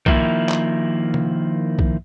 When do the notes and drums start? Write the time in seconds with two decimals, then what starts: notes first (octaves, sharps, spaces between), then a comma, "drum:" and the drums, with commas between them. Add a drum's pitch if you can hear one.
0.06 D#3 F3 A#3 E4, drum: kick B1
0.49 drum: clap
1.14 drum: tom C3
1.79 drum: kick B1